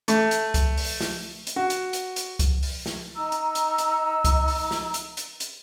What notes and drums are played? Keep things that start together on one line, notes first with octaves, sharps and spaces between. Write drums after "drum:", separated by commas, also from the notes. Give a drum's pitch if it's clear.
A3, drum: hi-hat
drum: hi-hat
drum: kick C2, hi-hat
drum: open hi-hat
drum: snare
drum: hi-hat
F#4
drum: hi-hat
drum: hi-hat
drum: hi-hat
drum: kick C2, hi-hat
drum: open hi-hat
drum: snare
D#4 A#5 E6
drum: hi-hat
drum: hi-hat
drum: hi-hat
drum: kick C2, hi-hat
drum: open hi-hat
drum: snare
drum: hi-hat
drum: hi-hat
drum: hi-hat